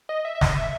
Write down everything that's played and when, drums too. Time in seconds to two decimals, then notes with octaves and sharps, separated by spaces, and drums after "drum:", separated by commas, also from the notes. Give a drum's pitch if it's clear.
0.09 D#5
0.25 E5
0.35 E5
0.41 D#5, drum: snare
0.57 E5